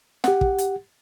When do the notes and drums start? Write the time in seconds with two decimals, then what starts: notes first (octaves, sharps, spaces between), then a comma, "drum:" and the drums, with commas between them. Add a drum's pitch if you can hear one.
0.24 G4 F#5, drum: snare
0.41 drum: kick
0.58 drum: hi-hat